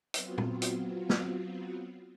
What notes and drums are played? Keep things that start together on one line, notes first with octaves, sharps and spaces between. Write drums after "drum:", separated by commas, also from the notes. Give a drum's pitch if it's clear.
F#3 B3 C4 F4 F#4, drum: hi-hat
drum: tom
drum: hi-hat
drum: snare